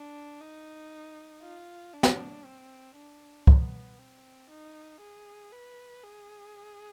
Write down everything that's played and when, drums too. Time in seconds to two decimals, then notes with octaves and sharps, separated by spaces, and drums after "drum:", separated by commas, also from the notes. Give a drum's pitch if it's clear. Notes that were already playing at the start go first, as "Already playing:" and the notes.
Already playing: D4
0.40 D#4
1.43 F4
1.94 D4
2.03 drum: snare
2.45 C4
2.96 D4
3.47 B3, drum: kick
3.99 C4
4.50 D#4
5.01 G#4
5.52 B4
6.03 G#4